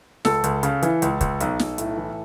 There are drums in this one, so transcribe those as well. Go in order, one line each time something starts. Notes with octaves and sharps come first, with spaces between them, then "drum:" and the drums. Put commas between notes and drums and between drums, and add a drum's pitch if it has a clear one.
C#2 A4, drum: snare
C#2, drum: hi-hat
C#3, drum: hi-hat
E3, drum: hi-hat
C#2, drum: hi-hat
C#2, drum: kick, hi-hat
B1, drum: hi-hat
B1, drum: snare
A2, drum: hi-hat
E3